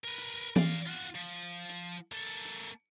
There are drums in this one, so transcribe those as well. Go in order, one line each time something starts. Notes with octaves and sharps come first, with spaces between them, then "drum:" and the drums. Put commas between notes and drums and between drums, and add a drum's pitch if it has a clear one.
A#4 B4
drum: hi-hat
D5 F5, drum: tom E3
F4 F#4
F3
drum: hi-hat
A#3 A4
drum: hi-hat